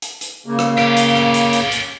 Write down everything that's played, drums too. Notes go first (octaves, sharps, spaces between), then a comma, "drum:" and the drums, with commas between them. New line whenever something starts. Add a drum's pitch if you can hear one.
drum: hi-hat
drum: hi-hat
C#3 A#3
drum: rim click
C#4 G4, drum: rim click
drum: hi-hat
drum: rim click
drum: hi-hat
drum: hi-hat
drum: hi-hat